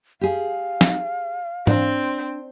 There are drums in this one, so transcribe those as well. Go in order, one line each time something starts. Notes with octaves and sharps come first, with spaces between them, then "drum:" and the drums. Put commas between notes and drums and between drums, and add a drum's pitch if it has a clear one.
G4 G#4 F5
drum: snare
C4 D4, drum: tom